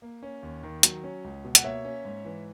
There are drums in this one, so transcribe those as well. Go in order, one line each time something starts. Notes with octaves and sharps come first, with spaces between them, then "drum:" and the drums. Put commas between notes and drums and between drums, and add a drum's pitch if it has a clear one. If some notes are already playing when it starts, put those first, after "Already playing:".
A#3
C#4
D#2
D#3
F#3, drum: hi-hat
C#4
C#2
B2
F#5, drum: hi-hat
A#3 C#5 E5
C#4
G#2
E3